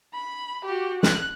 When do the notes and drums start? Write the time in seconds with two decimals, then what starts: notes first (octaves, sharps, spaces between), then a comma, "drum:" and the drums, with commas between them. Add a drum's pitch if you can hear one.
0.14 B5
0.65 F#4 G4
1.03 F#6, drum: snare